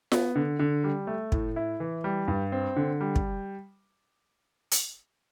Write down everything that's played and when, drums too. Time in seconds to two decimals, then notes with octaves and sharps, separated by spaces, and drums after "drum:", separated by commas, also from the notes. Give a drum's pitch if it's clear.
0.12 B3, drum: snare F4
0.36 D3
0.59 D3
0.84 G3
1.07 A3
1.32 A2, drum: kick
1.56 E4
1.80 E3
2.04 G3
2.28 G2
2.52 C4
2.76 D3
3.01 G3
3.16 drum: kick
4.71 drum: hi-hat